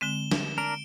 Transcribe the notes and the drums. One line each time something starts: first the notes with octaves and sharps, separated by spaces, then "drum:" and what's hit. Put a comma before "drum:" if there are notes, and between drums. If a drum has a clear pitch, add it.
D3 G#3 C4 E7 G7
drum: snare
D4 A#4 D7